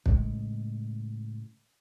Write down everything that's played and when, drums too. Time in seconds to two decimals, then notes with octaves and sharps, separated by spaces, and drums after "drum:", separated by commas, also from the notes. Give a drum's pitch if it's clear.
0.06 A2 C#3 G#3, drum: kick